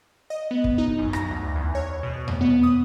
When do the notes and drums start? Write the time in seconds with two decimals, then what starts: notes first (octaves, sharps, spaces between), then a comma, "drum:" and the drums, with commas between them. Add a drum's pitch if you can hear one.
0.30 D#5
0.51 B3
0.64 drum: kick
0.78 D#4
0.99 F#2
1.13 A#6, drum: rim click
1.30 D2
1.56 E2
1.75 C#5
2.03 B2
2.28 drum: tom E2
2.41 B3
2.63 D#6